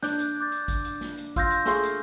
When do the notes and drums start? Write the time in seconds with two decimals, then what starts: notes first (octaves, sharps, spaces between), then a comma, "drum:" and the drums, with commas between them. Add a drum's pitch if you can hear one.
0.02 D4 G6, drum: snare
0.19 drum: hi-hat
0.40 D6 G6 A6
0.52 drum: hi-hat
0.68 drum: kick G#1, hi-hat
0.85 drum: hi-hat
1.01 drum: snare
1.18 drum: hi-hat
1.36 F4 E6 G6 A#6, drum: kick G#1, hi-hat
1.50 drum: hi-hat
1.65 A3 G#4 C6, drum: snare
1.83 drum: hi-hat